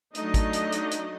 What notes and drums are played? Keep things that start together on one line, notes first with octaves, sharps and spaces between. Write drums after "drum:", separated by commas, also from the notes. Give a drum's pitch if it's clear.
F#3 A3 D4 D#4 D#5, drum: hi-hat
drum: kick, hi-hat
drum: hi-hat
drum: hi-hat
drum: hi-hat